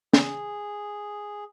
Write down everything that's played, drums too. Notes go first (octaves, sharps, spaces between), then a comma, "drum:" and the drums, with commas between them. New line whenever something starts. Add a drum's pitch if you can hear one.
G#4, drum: snare